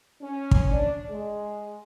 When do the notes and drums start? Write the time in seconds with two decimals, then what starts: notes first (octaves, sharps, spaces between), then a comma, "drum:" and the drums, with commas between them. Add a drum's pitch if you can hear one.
0.22 C#4
0.51 drum: kick
0.71 D4
1.09 G#3